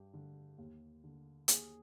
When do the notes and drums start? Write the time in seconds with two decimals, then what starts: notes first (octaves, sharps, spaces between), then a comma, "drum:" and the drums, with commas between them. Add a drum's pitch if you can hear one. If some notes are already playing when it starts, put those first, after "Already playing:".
Already playing: G2 G4
0.14 D3
0.58 D#2
1.04 D3
1.48 D#2 G#4, drum: hi-hat